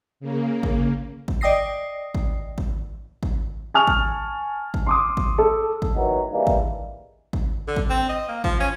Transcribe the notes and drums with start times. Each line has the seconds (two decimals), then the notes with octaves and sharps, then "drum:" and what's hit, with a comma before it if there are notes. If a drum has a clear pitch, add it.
0.20 C#3 A#3
0.63 drum: kick G#1
1.28 drum: kick G#1
1.41 D5 D#5 G5 D#6 A#6 C7
2.15 drum: kick G#1
2.58 drum: kick G#1
3.23 drum: kick G#1
3.74 G#5 A5 C#6 F6 F7
3.87 drum: kick G#1
4.74 drum: kick G#1
4.86 C6 D6 D#6
5.17 drum: kick G#1
5.38 A4
5.82 drum: kick G#1
5.95 D#2 D#3 E3 F#3 G#3 B3
6.32 E3 G3 G#3 A#3 D4 E4
6.47 drum: kick G#1
7.33 drum: kick G#1
7.67 D3
7.76 drum: kick G#1
7.90 C4
8.09 D#5
8.28 A#3
8.44 F3, drum: kick G#1
8.60 C#4